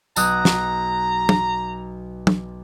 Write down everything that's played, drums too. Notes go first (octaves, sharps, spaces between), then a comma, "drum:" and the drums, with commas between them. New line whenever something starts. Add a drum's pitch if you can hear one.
B1 A#5 D#6 F#6, drum: tambourine
drum: snare
drum: tom
drum: tom